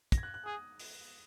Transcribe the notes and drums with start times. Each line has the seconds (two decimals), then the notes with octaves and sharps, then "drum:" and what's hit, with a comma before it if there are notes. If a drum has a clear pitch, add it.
0.12 A#6, drum: kick, hi-hat
0.18 G#6
0.23 F#6
0.34 F#6
0.46 G#4 D#6
0.79 drum: open hi-hat